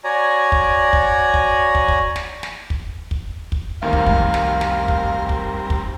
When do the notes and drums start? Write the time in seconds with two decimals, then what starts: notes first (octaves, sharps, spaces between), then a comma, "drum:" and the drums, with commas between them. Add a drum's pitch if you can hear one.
0.04 F#4 C#5 D5 G#5 A#5
0.52 drum: kick
0.93 drum: kick
1.34 drum: kick
1.75 drum: kick
1.88 drum: kick
2.16 drum: snare
2.43 drum: snare
2.70 drum: kick
3.11 drum: kick
3.52 drum: kick
3.82 D2 D#3 G3 A#3 C4 A#4 F5
3.93 drum: kick
4.06 C2 F2, drum: kick
4.34 drum: snare
4.61 drum: snare
4.88 drum: kick
5.29 drum: kick
5.70 drum: kick